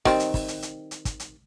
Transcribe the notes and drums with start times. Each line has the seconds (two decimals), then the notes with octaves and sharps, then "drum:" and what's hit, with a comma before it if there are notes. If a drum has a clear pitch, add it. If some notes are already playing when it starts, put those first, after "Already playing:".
0.05 D#3 G3 C4, drum: kick, open hi-hat
0.20 drum: hi-hat
0.34 drum: kick, open hi-hat
0.48 drum: hi-hat
0.62 drum: hi-hat
0.91 drum: hi-hat
1.05 drum: kick, hi-hat
1.20 drum: hi-hat